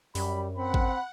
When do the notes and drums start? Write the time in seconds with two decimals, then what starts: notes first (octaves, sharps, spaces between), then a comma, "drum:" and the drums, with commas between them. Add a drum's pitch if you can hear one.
0.15 F#2 G3 B5, drum: open hi-hat
0.57 C4 F#5 B5
0.74 drum: kick G#1